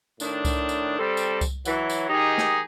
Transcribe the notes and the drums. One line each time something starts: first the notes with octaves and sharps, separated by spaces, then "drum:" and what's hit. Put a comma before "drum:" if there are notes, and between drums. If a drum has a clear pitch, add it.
A2 D#3 D4, drum: tambourine
drum: kick C2, tambourine
drum: tambourine
G3 C4 A4
drum: tambourine
drum: kick C2, tambourine
E3 F#3, drum: tambourine
drum: tambourine
D#3 D#4 G4 G#4
drum: snare